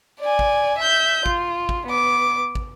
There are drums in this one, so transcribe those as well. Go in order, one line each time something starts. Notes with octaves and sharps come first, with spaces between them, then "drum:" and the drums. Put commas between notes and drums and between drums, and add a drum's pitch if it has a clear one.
D5 G#5
drum: kick
E5 G6
F4, drum: kick
drum: kick
B3 D6
drum: kick